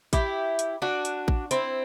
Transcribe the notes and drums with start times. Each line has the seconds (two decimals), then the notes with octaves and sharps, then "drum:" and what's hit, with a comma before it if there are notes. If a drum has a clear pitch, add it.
0.13 E4 G4, drum: kick A1, hi-hat
0.59 drum: hi-hat
0.82 D4 F#4
1.05 drum: hi-hat
1.28 drum: kick A1
1.51 C4 E4, drum: hi-hat